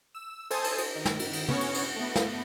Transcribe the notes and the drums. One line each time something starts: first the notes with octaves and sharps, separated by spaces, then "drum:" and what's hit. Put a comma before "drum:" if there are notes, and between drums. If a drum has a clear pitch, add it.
E6
A4 C5 G#5 A5 D#6, drum: cymbal
drum: cymbal
drum: cymbal
D#3
drum: snare
drum: cymbal
drum: cymbal
B3 C#4 C#5 C#6 C#7, drum: tom
drum: cymbal
drum: cymbal
A3 B3
drum: snare